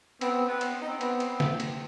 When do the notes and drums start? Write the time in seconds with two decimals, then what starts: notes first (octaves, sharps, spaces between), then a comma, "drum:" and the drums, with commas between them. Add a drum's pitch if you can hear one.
0.21 B3 C4, drum: cymbal
0.48 B3
0.61 drum: cymbal
0.74 C4
0.82 D#4
0.89 C4
1.01 B3, drum: cymbal
1.20 drum: cymbal
1.40 drum: snare
1.60 drum: cymbal